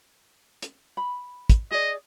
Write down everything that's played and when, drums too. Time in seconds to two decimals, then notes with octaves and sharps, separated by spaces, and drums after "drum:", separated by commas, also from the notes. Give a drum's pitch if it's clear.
0.62 drum: hi-hat
0.97 B5
1.50 drum: kick, hi-hat
1.71 G#4 D5 D#5